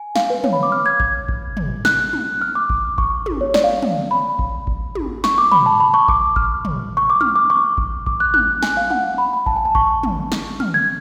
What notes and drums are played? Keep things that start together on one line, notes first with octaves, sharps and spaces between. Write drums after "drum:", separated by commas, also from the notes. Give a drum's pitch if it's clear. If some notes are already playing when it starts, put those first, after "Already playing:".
Already playing: G#5
F5, drum: snare
B4
C#5, drum: tom
B5
D6
F6
G#6
G#6, drum: kick G#1
drum: kick G#1
drum: tom
F#6, drum: snare
drum: tom
F6
D6
drum: kick G#1
C#6, drum: kick G#1
drum: tom
C#5
D5, drum: snare
F5
drum: tom
B5
drum: kick G#1
drum: kick G#1
drum: tom
C#6, drum: snare
D6
B5, drum: tom
A5
B5
C#6
D6, drum: kick G#1
F6, drum: kick G#1
drum: tom
C#6
D6
F6, drum: tom
D6
C#6
drum: kick G#1
D6, drum: kick G#1
F#6
F#6, drum: tom
G#5, drum: snare
F5
F#5, drum: tom
B5
B5
A5, drum: kick G#1
G#5
A5
C#6, drum: kick G#1
drum: tom
drum: snare
F6, drum: tom
G#6